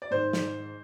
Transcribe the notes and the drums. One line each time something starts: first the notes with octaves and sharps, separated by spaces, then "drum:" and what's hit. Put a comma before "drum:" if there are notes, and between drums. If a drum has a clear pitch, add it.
D5
G#2 D#3 C5
drum: snare